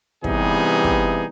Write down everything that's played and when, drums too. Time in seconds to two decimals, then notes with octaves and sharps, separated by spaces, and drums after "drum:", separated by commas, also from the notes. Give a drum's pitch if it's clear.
0.24 C3 E3 G3 B3 D#4 G#4, drum: kick
0.84 drum: kick